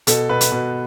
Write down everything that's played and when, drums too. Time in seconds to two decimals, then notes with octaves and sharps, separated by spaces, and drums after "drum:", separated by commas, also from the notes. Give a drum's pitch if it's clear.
0.07 B2 A4, drum: hi-hat
0.29 B2 B4
0.41 drum: hi-hat
0.52 B2